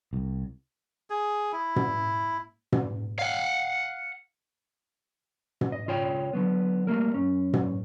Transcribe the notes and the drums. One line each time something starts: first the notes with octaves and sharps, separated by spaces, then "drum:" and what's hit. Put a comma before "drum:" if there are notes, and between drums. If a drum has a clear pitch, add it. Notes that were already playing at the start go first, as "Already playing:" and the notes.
C2
G#4
E4
drum: tom
drum: tom
F5 F#5
drum: tom
D#5
C#2 F4 C#5 G5
D3 F#3 B3
G3 A3 A#3 A#4
F#2 C#4
drum: tom